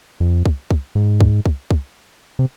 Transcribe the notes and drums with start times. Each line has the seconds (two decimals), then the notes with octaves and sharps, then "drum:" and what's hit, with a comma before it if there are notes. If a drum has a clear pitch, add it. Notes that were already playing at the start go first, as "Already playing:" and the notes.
0.20 F2
0.46 drum: kick
0.71 drum: kick
0.95 G#2
1.21 drum: kick
1.46 drum: kick
1.71 drum: kick
2.39 C3